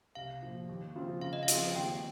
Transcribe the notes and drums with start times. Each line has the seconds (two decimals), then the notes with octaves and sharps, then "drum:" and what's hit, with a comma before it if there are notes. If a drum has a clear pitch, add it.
0.15 C2 F5
0.43 A#2 F3
0.69 D#2
0.95 C#3 F3 C4 F4
1.21 C#3 F5
1.33 D#5
1.43 F5
1.48 F3 C4 F4 G#4, drum: hi-hat
1.75 D#2 G5